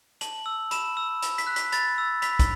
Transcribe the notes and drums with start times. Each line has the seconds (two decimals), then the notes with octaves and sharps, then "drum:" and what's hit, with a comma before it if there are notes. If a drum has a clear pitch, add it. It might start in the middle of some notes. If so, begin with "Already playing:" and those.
0.21 A5 F#7, drum: hi-hat
0.46 E6
0.71 B5 E7, drum: hi-hat
0.97 E6
1.22 B5, drum: hi-hat
1.38 B6, drum: hi-hat
1.47 F#6
1.56 B6, drum: hi-hat
1.72 B5 A6, drum: hi-hat
1.98 E6
2.22 B5 B6, drum: hi-hat
2.39 drum: kick, hi-hat